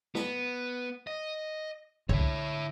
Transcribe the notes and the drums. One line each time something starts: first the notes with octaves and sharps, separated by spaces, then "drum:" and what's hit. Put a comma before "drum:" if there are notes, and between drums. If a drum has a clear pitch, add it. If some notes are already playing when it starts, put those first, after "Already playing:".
B3, drum: snare
D#5
D3 E4 C#5
drum: kick C2